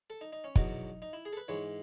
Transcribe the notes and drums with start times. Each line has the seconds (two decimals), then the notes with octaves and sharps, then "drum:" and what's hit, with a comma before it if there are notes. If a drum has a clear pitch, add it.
0.10 A4
0.21 D#4
0.33 D#4
0.44 C#4
0.56 E2 B2 F#3 D#4, drum: kick
1.02 D#4
1.13 E4
1.25 G#4
1.33 A4
1.37 B4
1.48 G#2 E3 G#3 C#5